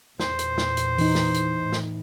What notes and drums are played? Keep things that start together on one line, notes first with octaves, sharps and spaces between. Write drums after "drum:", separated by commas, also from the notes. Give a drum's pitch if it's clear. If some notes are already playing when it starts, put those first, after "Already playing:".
E2 A#2 C5, drum: snare
drum: hi-hat
drum: snare
drum: hi-hat
E3 D#4, drum: open hi-hat
drum: snare
drum: hi-hat
A2
drum: snare